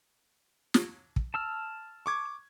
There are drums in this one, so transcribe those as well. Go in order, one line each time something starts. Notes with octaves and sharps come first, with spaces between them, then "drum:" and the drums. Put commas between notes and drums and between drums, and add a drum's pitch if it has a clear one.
drum: snare
drum: kick
A5 E6 F6
C#6 D6 G#6